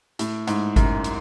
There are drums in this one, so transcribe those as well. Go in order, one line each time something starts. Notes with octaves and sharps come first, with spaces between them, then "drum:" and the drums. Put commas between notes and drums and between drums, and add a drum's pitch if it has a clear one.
A2, drum: hi-hat
G#2, drum: hi-hat
F#2, drum: kick G1, hi-hat
drum: hi-hat